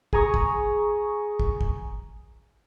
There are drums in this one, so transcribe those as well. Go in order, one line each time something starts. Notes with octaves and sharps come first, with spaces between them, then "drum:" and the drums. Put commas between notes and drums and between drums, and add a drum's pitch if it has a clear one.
G#4 G#5 A#5 C#6 D#6, drum: kick
drum: kick
drum: kick
drum: kick